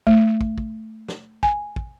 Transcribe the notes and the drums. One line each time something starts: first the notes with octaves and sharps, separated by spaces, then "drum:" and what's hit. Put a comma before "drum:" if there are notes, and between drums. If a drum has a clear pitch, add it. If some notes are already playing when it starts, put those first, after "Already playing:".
A3, drum: kick
drum: kick
drum: kick
drum: snare
G#5, drum: kick
drum: kick